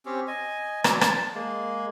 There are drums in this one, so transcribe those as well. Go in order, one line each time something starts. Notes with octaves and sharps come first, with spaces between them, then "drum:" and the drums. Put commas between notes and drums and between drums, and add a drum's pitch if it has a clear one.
C4 C#4 G4
D#5 G#5
F#3 D4, drum: rim click
A5, drum: rim click
G#3 A#3